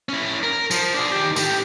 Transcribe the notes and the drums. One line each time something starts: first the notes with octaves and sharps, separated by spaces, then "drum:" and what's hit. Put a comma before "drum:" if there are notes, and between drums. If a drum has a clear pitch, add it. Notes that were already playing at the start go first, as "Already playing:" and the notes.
C#4 E4
A#4
F3, drum: tambourine
D4 G#4
D#3 G4
A2 G4, drum: tambourine